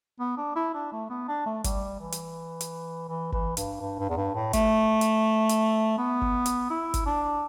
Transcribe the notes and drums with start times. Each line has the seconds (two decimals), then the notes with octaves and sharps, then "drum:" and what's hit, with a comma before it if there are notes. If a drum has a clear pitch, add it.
0.20 B3
0.38 D4
0.56 E4
0.74 D4
0.92 A3
1.10 B3
1.28 D4
1.46 A3
1.64 G3, drum: kick G1, hi-hat
2.00 E3
2.12 drum: hi-hat
2.61 drum: hi-hat
3.09 E3
3.32 E3, drum: kick G1
3.57 G2, drum: hi-hat
3.80 G2
3.99 G2
4.09 E2
4.17 G2
4.35 A2
4.53 A3, drum: kick G1, hi-hat
5.01 drum: hi-hat
5.49 drum: hi-hat
5.98 B3
6.21 drum: kick G1
6.46 drum: hi-hat
6.70 E4
6.94 drum: kick G1, hi-hat
7.06 D4